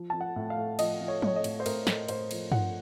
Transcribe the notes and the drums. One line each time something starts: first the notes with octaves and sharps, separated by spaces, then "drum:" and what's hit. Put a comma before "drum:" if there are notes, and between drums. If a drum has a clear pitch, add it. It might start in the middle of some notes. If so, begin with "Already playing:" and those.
Already playing: F3
F3 A5
F#5
A2
F5
A2
F3 D#5, drum: cymbal
F3
C#5
A2 C#5, drum: tom F3
D#5
A2, drum: cymbal
C5
A2 A#4, drum: cymbal
A2, drum: snare
A2 C5, drum: cymbal
F3, drum: cymbal
F3 F#5, drum: tom G2